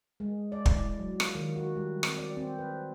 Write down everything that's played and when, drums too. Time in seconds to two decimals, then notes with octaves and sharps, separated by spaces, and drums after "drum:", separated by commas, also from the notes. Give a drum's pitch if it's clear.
0.20 G#3
0.52 D5
0.66 drum: kick
0.76 E4
0.99 F#3
1.20 F4, drum: rim click
1.35 D#3
1.56 F#4
1.76 G3
2.03 C4, drum: rim click
2.18 D5
2.37 C4
2.59 B4